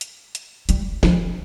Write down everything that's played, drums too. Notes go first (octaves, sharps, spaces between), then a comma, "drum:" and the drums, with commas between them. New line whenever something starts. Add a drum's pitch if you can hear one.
drum: hi-hat
drum: hi-hat
G3, drum: hi-hat
F3, drum: snare